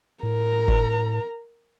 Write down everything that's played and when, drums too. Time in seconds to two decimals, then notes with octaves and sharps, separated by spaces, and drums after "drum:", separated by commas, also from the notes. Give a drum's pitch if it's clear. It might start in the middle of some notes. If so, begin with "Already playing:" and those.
0.23 A2 A#4 A#5
0.68 drum: kick G1